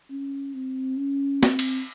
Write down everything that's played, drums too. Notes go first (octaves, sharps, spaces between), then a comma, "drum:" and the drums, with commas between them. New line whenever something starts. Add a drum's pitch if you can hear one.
C#4
C4
C#4
C4, drum: snare
drum: cymbal